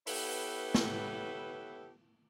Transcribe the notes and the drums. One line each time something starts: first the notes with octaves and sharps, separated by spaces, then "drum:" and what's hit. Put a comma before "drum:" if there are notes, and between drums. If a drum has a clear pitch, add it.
B3 E4 G4 A4 B4 C#5, drum: open hi-hat
drum: snare